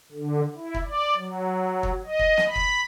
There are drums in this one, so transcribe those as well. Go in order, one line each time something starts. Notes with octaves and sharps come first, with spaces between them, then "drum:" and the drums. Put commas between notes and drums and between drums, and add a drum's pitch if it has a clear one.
D3
E4
drum: kick
D5
F#3
drum: kick
D#5
drum: kick
drum: snare
B5
drum: kick